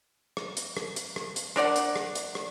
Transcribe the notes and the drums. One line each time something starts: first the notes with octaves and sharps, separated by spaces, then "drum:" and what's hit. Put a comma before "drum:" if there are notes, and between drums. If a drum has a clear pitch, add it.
drum: rim click
drum: hi-hat
drum: rim click
drum: hi-hat
drum: rim click
drum: hi-hat
D4 A#4 D5 F#5, drum: rim click
drum: hi-hat
drum: rim click
drum: hi-hat
drum: rim click